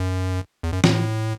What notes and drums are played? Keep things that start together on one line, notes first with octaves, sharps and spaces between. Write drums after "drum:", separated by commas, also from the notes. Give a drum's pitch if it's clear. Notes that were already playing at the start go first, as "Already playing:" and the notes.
Already playing: F#2
E2
F#2
A2, drum: snare